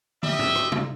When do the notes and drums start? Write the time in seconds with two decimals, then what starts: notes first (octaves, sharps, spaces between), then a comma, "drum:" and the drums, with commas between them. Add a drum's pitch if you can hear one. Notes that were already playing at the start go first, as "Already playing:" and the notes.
0.23 G3 D#5 E5, drum: tom
0.39 drum: tom G#2
0.56 drum: rim click
0.72 drum: tom C3